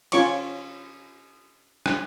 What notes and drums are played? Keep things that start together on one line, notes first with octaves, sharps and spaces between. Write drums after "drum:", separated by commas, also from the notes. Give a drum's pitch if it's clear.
C#4 F4 C#5 C#6 D6, drum: cymbal
drum: rim click